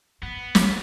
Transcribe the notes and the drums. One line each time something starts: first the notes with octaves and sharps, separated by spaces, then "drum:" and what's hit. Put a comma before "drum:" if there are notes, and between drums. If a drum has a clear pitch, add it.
G#2 B3
D#2, drum: snare